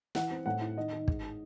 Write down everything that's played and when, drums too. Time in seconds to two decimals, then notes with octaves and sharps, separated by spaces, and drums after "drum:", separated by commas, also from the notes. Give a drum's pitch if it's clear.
0.15 E3 F#5, drum: snare
0.31 C4
0.46 A2 F#5
0.61 E4
0.77 D#3 D#5
0.92 D#3
1.08 G#2, drum: kick